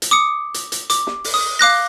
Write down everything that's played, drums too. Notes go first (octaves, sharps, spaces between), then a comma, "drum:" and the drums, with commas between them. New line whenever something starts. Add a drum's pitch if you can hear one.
drum: hi-hat
D6 D#6 C#7
drum: hi-hat
drum: hi-hat
D6, drum: hi-hat
drum: snare
drum: open hi-hat
D#6
F5 D6 F#6 A#6